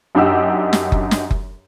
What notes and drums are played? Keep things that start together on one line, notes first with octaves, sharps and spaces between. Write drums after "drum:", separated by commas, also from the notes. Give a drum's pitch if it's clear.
F#2 D4 D#4 G4 F#5 E6
drum: snare
drum: kick F#1
drum: snare
drum: kick F#1